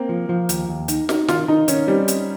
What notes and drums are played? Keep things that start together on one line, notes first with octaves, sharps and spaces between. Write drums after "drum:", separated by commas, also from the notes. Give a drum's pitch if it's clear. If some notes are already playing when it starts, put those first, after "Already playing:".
Already playing: A#3 C4
F3
F3
D#2, drum: hi-hat
D#2
D#4, drum: hi-hat
D#4, drum: snare
D#3 F4, drum: snare
D#3 D#4
D#3 C#4, drum: hi-hat
G3 C4
drum: hi-hat